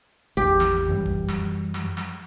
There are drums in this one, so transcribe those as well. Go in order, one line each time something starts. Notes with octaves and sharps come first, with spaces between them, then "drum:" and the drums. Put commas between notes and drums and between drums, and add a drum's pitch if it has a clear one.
G#1 E2 G4
drum: snare
F#2 E3 G3
drum: kick
drum: snare
drum: snare
drum: snare